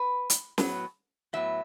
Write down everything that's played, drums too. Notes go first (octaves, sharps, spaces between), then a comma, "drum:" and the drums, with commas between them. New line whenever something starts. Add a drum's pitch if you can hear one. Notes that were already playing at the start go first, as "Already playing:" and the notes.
Already playing: B4
drum: hi-hat
A2 F#3 B3, drum: snare
A2 F#3 B3 E5